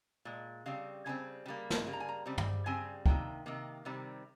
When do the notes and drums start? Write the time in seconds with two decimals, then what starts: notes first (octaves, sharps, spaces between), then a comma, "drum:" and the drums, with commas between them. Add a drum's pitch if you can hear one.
0.25 A#2 G#3
0.66 C#3 G3 C4 F5
1.06 C#3 G3 C4 G#5
1.46 C#3 G3 A#3
1.70 drum: snare
1.86 C#3 G3 A#3
1.93 A#5
2.00 G#5
2.08 A#5
2.26 C#3 G3 C4
2.38 drum: tom
2.66 C#3 G3 C4 G#5
3.06 C3 D#3 A#3 G5, drum: kick
3.46 C3 D#3 A#3
3.85 C3 D#3 G3 C4